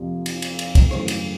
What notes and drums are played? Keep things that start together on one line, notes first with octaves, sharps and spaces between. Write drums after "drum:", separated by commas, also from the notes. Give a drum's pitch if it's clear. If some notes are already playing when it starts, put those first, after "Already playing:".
Already playing: F2 C3 F3 A#3
drum: cymbal
drum: cymbal
drum: cymbal
drum: kick, cymbal
G#1 F#2 C#3 E3 A3 C5, drum: rim click
drum: cymbal